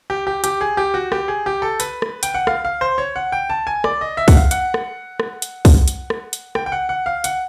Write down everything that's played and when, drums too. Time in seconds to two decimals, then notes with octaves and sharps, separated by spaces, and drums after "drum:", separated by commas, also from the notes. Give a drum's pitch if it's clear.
0.10 G4
0.27 G4
0.44 G4, drum: hi-hat
0.61 G#4
0.77 G4
0.94 F#4
1.12 G4, drum: rim click
1.28 G#4
1.46 G4
1.62 A4
1.80 B4, drum: hi-hat
2.02 drum: rim click
2.23 G5, drum: hi-hat
2.34 F#5
2.47 F5, drum: rim click
2.65 F5
2.81 C5
2.98 C#5
3.16 F#5
3.32 G5
3.50 A5
3.67 G#5
3.84 D5, drum: rim click
4.01 D#5
4.17 E5
4.28 F#5, drum: kick, open hi-hat
4.35 F5
4.51 F#5, drum: hi-hat
4.74 drum: rim click
5.20 drum: rim click
5.42 drum: hi-hat
5.65 drum: kick, open hi-hat
5.88 drum: hi-hat
6.10 drum: rim click
6.33 drum: hi-hat
6.55 G5, drum: rim click
6.66 G5
6.72 F#5
6.89 F#5
7.06 F5
7.24 F#5, drum: hi-hat